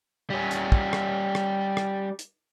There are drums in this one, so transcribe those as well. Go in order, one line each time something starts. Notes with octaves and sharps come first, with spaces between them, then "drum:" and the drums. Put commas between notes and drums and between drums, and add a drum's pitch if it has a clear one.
G3 C#4
drum: hi-hat
drum: kick
drum: rim click
drum: rim click
drum: rim click
drum: hi-hat